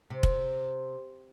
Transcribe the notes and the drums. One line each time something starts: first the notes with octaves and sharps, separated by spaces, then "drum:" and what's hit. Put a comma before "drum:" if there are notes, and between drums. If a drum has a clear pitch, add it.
C3
drum: kick